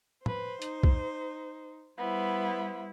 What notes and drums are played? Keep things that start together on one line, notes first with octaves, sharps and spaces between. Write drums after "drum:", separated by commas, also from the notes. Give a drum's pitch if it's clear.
B4 C5, drum: tom
D#4, drum: hi-hat
drum: kick
G3 B3 E4 C5